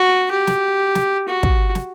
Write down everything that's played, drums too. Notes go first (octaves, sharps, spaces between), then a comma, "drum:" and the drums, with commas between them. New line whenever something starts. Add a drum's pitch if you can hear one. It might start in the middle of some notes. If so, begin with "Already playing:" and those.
Already playing: F#4
G4
drum: snare
drum: snare
F#4
drum: kick
drum: snare